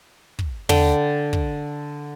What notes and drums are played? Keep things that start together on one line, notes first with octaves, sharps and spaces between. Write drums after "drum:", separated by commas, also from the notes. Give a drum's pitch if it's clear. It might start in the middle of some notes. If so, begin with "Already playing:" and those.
drum: kick
D3 G5, drum: tom
drum: kick